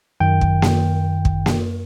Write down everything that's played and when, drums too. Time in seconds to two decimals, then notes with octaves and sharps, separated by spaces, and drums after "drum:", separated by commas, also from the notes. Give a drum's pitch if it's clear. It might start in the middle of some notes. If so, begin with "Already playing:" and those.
0.20 F#2 D#3 G5
0.41 drum: kick
0.62 drum: snare A#3
1.25 drum: kick
1.46 drum: snare A#3